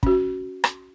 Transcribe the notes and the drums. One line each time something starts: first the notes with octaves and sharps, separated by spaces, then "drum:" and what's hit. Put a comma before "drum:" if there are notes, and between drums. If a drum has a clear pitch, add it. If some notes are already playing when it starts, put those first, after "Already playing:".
C#4 F#4, drum: kick
drum: rim click